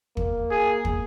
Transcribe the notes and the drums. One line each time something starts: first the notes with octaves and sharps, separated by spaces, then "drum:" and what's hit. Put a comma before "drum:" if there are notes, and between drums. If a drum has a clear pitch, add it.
A#3, drum: kick
G#4
drum: kick